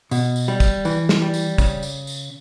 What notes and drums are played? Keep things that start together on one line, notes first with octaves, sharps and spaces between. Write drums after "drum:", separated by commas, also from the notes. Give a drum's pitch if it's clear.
B2, drum: tambourine
drum: tambourine
G3
drum: kick, tambourine
E3, drum: tambourine
drum: snare
G3
drum: tambourine
C#3, drum: kick, tambourine
drum: tambourine
drum: tambourine